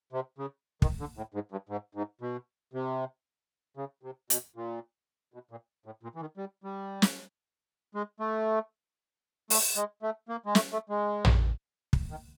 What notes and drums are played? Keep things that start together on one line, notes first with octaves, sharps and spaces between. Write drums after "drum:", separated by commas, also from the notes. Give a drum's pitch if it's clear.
C3
C#3
D#3, drum: kick
D3
A2
G#2
G2
G#2
G#2
B2
C3
C#3
C3
B2, drum: hi-hat
A#2
B2
A#2
A2
A#2
E3
D#3
G3
G3
drum: snare
G#3
A3
A3, drum: open hi-hat
G#3
A3
A#3
G#3
A3, drum: snare
A3
G#3
drum: tom
drum: kick
D#3